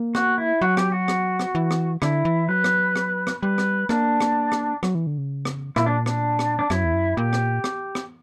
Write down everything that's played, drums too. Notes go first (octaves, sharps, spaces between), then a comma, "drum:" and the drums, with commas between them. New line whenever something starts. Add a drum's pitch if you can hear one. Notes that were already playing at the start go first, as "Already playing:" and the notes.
Already playing: A#3
F#4, drum: rim click
E4
F#3 F#4
G4, drum: rim click
F#4
drum: rim click
drum: rim click
E3
drum: rim click
D3 E4, drum: rim click
E3
F#3 B4
drum: rim click
drum: rim click
drum: rim click
G3 B4
drum: rim click
A#3 D4, drum: rim click
drum: rim click
drum: rim click
F#3, drum: rim click
E3
D3
C#3
drum: rim click
A#2 E4, drum: rim click
D4
D4, drum: rim click
drum: rim click
D4
F#2 E4, drum: rim click
E2
F#2
A#2 G4
drum: rim click
drum: rim click
drum: rim click